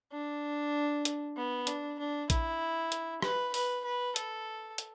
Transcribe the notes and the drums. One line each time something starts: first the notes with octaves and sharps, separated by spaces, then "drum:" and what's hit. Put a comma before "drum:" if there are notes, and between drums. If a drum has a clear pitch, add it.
D4
drum: hi-hat
B3
D4, drum: hi-hat
D4
E4, drum: kick A#1, hi-hat
drum: hi-hat
B4, drum: rim click
B4, drum: open hi-hat
B4
A4, drum: hi-hat
drum: hi-hat